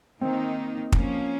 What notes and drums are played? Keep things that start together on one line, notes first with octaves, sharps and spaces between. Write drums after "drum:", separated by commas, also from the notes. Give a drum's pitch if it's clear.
D#3 A#3 C4 D#4
F3 A#3 C#4, drum: kick